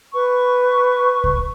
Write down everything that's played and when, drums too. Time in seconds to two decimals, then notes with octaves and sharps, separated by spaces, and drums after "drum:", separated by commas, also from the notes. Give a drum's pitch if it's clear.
0.13 B4 C#6
1.24 drum: kick C2